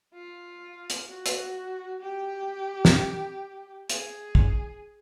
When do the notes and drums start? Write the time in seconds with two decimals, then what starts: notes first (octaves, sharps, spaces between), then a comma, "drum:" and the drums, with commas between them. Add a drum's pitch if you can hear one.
0.14 F4
0.90 drum: hi-hat
1.08 F#4
1.26 drum: hi-hat
2.01 G4
2.85 drum: snare
3.90 G#4, drum: hi-hat
4.35 drum: kick